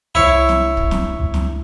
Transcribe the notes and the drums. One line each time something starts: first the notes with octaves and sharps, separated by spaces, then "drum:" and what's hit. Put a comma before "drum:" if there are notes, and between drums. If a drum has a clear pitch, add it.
C2 E4 C#5
drum: snare
drum: kick
drum: snare
C#2
drum: snare